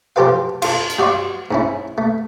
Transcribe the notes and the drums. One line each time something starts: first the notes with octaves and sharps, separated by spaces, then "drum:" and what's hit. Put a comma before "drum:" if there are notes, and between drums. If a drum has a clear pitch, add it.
F3 F4 G4 A4 B4 F5
F4 A4, drum: cymbal
drum: hi-hat
G3 F#4 D5 F5 C6
G#2 C#4 E4
A3